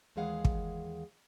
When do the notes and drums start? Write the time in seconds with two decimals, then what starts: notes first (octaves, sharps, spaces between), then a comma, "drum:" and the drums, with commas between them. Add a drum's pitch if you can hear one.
0.16 D#2 E3 G#3 G#4 F5 F#5
0.45 drum: kick